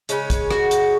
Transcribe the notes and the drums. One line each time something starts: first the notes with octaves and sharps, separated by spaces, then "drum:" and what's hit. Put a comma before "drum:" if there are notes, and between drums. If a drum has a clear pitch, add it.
C#3 G#3 C#4, drum: hi-hat
drum: kick, hi-hat
F#4, drum: rim click
drum: hi-hat